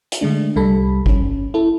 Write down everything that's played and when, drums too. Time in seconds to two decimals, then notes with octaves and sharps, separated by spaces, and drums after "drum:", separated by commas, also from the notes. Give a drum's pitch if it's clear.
0.12 drum: hi-hat
0.21 D3 G#3 A3 D4
0.56 C2 G3 A4 B5
1.06 G1 C#4, drum: kick G#1
1.54 E4 A4